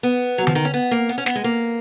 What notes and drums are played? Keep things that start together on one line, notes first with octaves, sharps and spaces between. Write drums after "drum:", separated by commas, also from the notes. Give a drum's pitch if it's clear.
B3
F#3
F3, drum: tom D3
D#3
C#4
B3
A#3
B3
C#4
B3, drum: snare
G#3
A#3